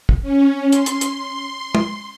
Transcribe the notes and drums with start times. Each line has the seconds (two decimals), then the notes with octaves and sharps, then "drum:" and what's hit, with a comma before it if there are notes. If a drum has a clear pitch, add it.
0.09 drum: kick
0.22 C#4
0.72 C6, drum: hi-hat
0.86 drum: hi-hat
1.01 drum: hi-hat
1.75 drum: tom